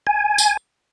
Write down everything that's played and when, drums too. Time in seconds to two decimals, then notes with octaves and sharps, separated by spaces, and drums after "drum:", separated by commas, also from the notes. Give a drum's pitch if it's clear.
0.07 G#5
0.38 drum: tambourine